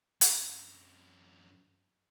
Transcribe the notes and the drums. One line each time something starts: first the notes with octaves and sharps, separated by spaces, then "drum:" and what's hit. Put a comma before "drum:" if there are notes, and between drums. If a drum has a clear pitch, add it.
F#2 C4, drum: hi-hat